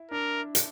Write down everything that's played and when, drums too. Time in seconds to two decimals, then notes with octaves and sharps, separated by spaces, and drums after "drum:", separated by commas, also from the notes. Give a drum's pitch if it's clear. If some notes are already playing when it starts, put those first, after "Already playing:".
Already playing: E4
0.11 D4 A#4
0.55 D4, drum: hi-hat